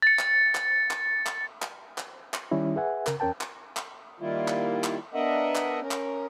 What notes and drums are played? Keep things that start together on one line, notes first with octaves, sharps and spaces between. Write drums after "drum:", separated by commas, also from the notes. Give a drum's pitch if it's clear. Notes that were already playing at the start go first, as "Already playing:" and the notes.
A6 C#7
drum: clap
drum: clap
drum: clap
drum: clap
drum: clap
drum: clap
drum: clap
D#3 G3 C#4 E4
G#4 B4 E5 F#5 G#5
C#3 A#4, drum: clap
E2 C#4 A#4 G5 A5
drum: clap
drum: clap
D#3 G3 A#3 E4 F4
drum: clap
drum: clap
B3 D4 A#4 D#5 E5 F#5
drum: clap
C#4 A#4
drum: clap